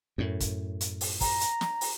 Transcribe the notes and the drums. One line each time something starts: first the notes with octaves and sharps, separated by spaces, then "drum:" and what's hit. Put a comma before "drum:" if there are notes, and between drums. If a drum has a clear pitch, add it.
F#2 A2
drum: kick, hi-hat
drum: hi-hat
drum: open hi-hat
A#5, drum: kick, open hi-hat
drum: hi-hat
drum: snare
drum: open hi-hat